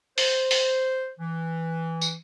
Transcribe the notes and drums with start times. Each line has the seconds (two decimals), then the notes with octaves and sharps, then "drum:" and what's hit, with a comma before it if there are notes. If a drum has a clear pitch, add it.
0.18 C5, drum: open hi-hat
0.51 drum: open hi-hat
1.19 E3
2.01 drum: tambourine